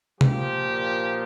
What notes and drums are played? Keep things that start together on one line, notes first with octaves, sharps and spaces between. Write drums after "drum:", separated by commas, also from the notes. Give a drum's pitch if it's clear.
A#2 F3 G4, drum: tom C3